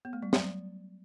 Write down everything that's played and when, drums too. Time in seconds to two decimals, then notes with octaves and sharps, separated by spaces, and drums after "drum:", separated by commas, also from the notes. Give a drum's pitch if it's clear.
0.05 B3
0.13 A3
0.22 G3
0.33 F#3, drum: snare